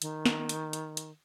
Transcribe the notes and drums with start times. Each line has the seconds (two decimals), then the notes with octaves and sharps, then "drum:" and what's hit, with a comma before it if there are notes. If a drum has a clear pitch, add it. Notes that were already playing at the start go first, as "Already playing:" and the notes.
0.02 D#3, drum: hi-hat
0.26 drum: snare
0.49 drum: hi-hat
0.73 drum: hi-hat
0.97 drum: hi-hat